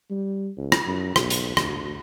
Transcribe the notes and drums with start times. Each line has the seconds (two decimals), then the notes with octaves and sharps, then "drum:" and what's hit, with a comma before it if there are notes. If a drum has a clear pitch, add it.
0.10 G3
0.58 C#2
0.72 drum: rim click
0.86 F#2
1.16 B1, drum: rim click
1.30 drum: hi-hat
1.57 D2, drum: rim click